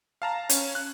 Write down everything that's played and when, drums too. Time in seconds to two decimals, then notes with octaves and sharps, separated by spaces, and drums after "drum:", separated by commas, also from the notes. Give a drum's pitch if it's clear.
0.22 F5 A5 A#5
0.49 C#4, drum: hi-hat
0.75 F#6